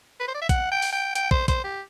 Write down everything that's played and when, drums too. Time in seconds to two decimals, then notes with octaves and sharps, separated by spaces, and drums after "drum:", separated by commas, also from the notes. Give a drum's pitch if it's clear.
0.20 B4
0.28 C5
0.34 D5
0.42 E5
0.49 F#5, drum: kick, hi-hat
0.72 G5
0.82 drum: open hi-hat
0.93 G5
1.15 G5, drum: hi-hat
1.31 C5, drum: kick
1.48 C5, drum: kick, hi-hat
1.64 G4